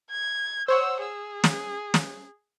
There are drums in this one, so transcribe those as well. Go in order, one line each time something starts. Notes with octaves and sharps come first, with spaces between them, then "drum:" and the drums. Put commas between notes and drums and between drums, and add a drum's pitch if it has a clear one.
G#6
C5 C#5 F#5 E6
G#4 E6
drum: snare
drum: snare